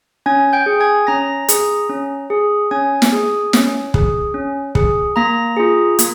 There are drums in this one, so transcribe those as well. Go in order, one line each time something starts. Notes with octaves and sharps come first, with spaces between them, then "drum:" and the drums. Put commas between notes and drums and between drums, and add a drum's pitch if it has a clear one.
C#4 G#5 G#6
G5 G6
G#4
G#5 G#6
C#4 A#5 A#6
G#4, drum: hi-hat
C#4
G#4
C#4 G#5 G#6
drum: snare
G#4
C#4, drum: snare
G#4, drum: kick
C#4
G#4, drum: kick
A#3 A#5 A#6
F4 G#4
A#3, drum: hi-hat